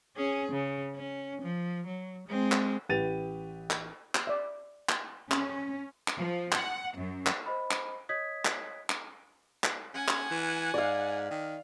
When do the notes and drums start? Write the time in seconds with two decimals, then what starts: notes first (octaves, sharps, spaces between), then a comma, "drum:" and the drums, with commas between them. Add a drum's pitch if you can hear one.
0.16 C#4 G#4
0.52 C#3
0.94 C#4
1.42 F3
1.86 F#3
2.28 G#3 C4
2.52 drum: clap
2.89 A1 G4 B4 A6 D#7 F7
3.70 drum: clap
4.15 drum: clap
4.27 D5 E5
4.89 drum: clap
5.31 C#4, drum: clap
6.08 drum: clap
6.17 F3
6.52 F#5, drum: clap
6.96 F#2
7.26 drum: clap
7.46 C5 D#5 B5
7.71 drum: clap
8.09 C#5 D#5 D#6 G#6 B6
8.45 drum: clap
8.90 drum: clap
9.64 drum: clap
9.95 C#4 F#5 G#5
10.08 drum: clap
10.31 E3
10.74 G#2 D5 F5
11.31 D#3